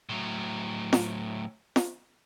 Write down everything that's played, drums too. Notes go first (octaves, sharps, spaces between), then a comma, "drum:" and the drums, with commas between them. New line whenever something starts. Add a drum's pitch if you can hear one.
A2 F#3
drum: snare
drum: snare